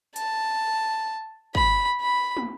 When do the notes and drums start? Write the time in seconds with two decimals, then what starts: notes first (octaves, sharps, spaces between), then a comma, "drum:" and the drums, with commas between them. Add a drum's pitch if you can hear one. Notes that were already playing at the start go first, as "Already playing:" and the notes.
0.16 A5, drum: hi-hat
1.55 B5, drum: kick
2.01 B5
2.37 drum: tom